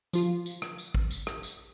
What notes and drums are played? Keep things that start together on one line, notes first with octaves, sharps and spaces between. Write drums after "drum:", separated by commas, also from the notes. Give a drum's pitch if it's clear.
F3 F4, drum: tambourine
drum: tambourine
drum: rim click
drum: tambourine
drum: kick
drum: tambourine
drum: rim click
drum: tambourine